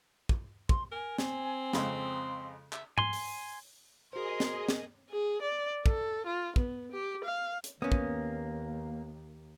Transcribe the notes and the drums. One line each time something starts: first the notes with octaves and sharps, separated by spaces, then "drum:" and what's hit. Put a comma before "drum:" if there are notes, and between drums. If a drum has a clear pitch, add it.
drum: kick
C6, drum: kick
A#4 G#5
C4, drum: snare
F2 C#3 G#3 C6, drum: snare
E5, drum: clap
G#5 C6, drum: tom G#2
drum: open hi-hat
F#4 G#4 A#4 C5 D#5 C6
drum: snare
drum: snare
G#4
D5
A4, drum: kick
F4
B3, drum: kick
G4
F5
drum: hi-hat
D#2 A#3 B3 C#4 D#6
drum: kick